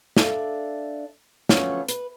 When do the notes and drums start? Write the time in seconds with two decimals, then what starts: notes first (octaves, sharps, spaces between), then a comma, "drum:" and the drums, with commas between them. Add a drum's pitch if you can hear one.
0.17 D4 A4 D5 E5 F5, drum: snare
1.49 D3 F3 F#3 A3 B3 C#4, drum: snare
1.88 B4, drum: hi-hat